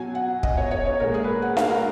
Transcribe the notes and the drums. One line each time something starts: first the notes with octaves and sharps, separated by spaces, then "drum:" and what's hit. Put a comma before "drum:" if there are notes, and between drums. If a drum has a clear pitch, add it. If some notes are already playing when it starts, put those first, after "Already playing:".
Already playing: B2 F#3 G#5
F#5
D#5, drum: kick
C#5
C#5
C#5
A#2 G#3 A#4
G#4
B4
A#4
F#5
F5, drum: snare D4
A#4